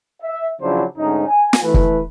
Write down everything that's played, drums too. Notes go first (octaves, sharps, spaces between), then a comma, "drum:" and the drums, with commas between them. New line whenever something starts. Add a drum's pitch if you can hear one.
E5
C#3 F3 F#3 D4 E4 C5
D2 G#2 C#4 D#4
G#5
drum: snare
E3 A3 B4
drum: kick